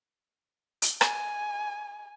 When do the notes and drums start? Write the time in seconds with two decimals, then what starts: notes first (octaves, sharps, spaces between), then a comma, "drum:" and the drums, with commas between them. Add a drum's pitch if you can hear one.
0.82 drum: hi-hat
1.01 G#5, drum: rim click